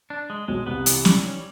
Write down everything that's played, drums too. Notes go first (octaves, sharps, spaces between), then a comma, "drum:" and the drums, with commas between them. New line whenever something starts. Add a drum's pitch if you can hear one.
D4
G#3
B1 B2 G#3
C2 C3 B3
E3, drum: hi-hat
G3, drum: snare
C#4